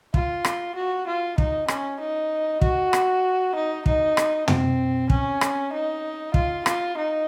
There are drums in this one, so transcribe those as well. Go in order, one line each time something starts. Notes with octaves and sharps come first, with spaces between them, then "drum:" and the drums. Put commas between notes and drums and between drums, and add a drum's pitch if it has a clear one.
F4, drum: kick
drum: rim click
F#4
F4
D#4, drum: kick
C#4, drum: rim click
D#4
F#4, drum: kick
drum: rim click
D#4
D#4, drum: kick
drum: rim click
C4, drum: tom
C#4, drum: kick
drum: rim click
D#4
F4, drum: kick
F4, drum: rim click
D#4